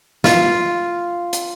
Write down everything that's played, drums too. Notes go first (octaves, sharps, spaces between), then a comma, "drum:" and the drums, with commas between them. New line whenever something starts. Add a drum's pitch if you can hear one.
F4, drum: snare
drum: hi-hat